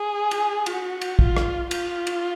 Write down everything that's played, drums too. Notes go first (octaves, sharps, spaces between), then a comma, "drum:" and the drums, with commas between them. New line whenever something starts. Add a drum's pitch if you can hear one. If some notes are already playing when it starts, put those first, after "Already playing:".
Already playing: G#4
drum: cymbal
F#4, drum: cymbal
drum: cymbal
F4, drum: kick
drum: rim click
F4, drum: cymbal
drum: cymbal